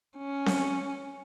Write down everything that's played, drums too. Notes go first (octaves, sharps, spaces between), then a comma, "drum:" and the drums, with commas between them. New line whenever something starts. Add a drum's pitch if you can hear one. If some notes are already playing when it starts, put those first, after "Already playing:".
C#4
drum: snare C4